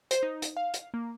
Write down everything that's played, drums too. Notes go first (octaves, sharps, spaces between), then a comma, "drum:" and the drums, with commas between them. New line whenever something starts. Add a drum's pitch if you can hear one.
C5, drum: hi-hat
D#4
drum: hi-hat
F5
drum: hi-hat
A#3